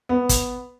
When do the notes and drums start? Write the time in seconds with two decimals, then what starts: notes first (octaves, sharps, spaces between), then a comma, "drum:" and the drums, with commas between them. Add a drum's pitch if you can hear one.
0.09 B3
0.29 drum: kick, hi-hat